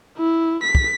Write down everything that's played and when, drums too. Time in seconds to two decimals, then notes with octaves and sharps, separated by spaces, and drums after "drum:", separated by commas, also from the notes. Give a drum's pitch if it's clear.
0.17 E4
0.63 B6
0.75 drum: kick